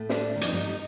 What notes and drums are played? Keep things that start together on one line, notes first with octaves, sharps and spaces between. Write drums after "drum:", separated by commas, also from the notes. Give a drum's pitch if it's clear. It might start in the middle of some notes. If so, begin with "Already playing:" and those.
Already playing: A2 A3
D4, drum: snare
D#3
F2 F3 D#4, drum: hi-hat
G2 G3
G3